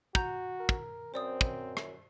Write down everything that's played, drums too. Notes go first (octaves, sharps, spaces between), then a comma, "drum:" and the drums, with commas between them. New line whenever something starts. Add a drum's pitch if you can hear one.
F#4 A#5 G6, drum: kick
A#4
drum: kick
F#2 C4 C5 D5 D#6
drum: kick
drum: rim click